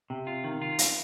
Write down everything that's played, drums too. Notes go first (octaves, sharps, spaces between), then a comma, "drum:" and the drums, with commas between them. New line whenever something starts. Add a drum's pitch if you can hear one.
C3
F4
D#3
F4
drum: hi-hat